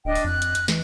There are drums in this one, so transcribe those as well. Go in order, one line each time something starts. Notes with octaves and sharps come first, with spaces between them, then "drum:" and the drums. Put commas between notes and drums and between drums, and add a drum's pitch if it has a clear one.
D1 D4 D#5 G5
drum: open hi-hat
F2 F#6
drum: hi-hat
drum: hi-hat
E3, drum: snare